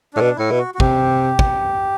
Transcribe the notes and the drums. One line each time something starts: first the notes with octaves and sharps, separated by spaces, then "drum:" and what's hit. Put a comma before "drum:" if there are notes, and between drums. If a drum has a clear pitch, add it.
A2 D4
B2
A2 E4
B2
F#4
F#4
C3 G4, drum: kick
drum: kick